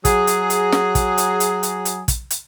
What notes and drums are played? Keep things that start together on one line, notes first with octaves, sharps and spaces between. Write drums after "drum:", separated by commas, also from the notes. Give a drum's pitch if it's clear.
F#3 G#4, drum: kick, hi-hat
drum: hi-hat
drum: hi-hat
drum: snare
drum: kick, hi-hat
drum: hi-hat
drum: hi-hat
drum: hi-hat
drum: hi-hat
drum: kick, hi-hat
drum: hi-hat